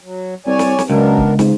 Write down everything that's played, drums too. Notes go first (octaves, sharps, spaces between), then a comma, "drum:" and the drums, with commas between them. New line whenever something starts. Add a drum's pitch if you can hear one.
F#3
C2 C#5 D5 G#5
drum: snare
drum: snare
C#2 F#2 B3 D4 A#4
drum: kick C#1
G#2, drum: snare